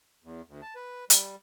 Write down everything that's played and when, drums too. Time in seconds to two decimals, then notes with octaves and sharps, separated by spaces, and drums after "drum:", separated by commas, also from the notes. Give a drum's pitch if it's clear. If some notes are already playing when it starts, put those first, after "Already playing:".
0.24 E2
0.48 D2
0.62 A5
0.76 B4
1.10 G3, drum: hi-hat